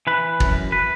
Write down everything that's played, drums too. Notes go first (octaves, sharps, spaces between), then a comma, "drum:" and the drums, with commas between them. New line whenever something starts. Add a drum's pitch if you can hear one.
E3 B4
F#2, drum: kick
B4